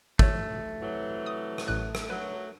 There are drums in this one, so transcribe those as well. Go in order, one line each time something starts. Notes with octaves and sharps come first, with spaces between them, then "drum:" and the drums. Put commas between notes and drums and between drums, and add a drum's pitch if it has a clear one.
G#1 A3 C#5, drum: kick
C3 E3 F#3
D#6
drum: rim click
A1 A2 F#6
drum: rim click
F#3 B4